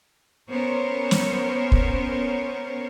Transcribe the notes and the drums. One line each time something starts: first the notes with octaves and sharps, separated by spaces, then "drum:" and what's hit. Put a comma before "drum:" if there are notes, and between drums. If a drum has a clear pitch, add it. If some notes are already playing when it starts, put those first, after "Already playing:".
B3 C#4 A#4 C5 C#5
drum: snare
drum: kick